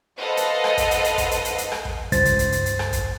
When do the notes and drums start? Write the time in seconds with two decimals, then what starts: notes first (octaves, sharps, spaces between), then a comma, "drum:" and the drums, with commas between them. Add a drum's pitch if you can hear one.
0.16 A4 B4 C5 D#5 F5 F#5
0.37 drum: hi-hat
0.64 drum: rim click
0.77 drum: kick, hi-hat
0.91 drum: hi-hat
1.04 drum: hi-hat
1.18 drum: kick, hi-hat
1.31 drum: hi-hat
1.45 drum: hi-hat
1.58 drum: hi-hat
1.72 drum: rim click
1.85 drum: kick
2.12 C#2 G2 C5 A6, drum: hi-hat
2.25 drum: kick, hi-hat
2.39 drum: hi-hat
2.52 drum: hi-hat
2.66 drum: hi-hat
2.79 drum: rim click
2.93 drum: kick, hi-hat